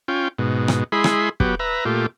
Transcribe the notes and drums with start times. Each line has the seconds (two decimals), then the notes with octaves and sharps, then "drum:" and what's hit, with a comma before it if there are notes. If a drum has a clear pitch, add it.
0.08 C#4 F4 G5
0.39 G#2 B2
0.68 drum: rim click
0.92 G#3 E4 G#4 B5 C6
1.04 drum: rim click
1.40 F#3 B3 G4, drum: kick
1.59 B4 E5 A#5
1.85 A#2 A3 F4 G4